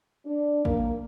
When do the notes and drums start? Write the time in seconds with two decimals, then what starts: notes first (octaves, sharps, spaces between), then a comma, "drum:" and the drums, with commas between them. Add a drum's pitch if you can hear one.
0.25 D4
0.65 A#3, drum: kick